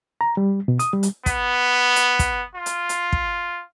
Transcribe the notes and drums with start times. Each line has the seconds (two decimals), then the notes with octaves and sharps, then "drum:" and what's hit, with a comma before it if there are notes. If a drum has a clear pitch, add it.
0.21 A#5
0.37 G3
0.68 B2
0.79 D#6, drum: hi-hat
0.93 G3
1.03 drum: hi-hat
1.26 B3, drum: kick, hi-hat
1.96 drum: hi-hat
2.19 drum: kick, hi-hat
2.55 F4
2.66 drum: hi-hat
2.89 drum: hi-hat
3.12 drum: kick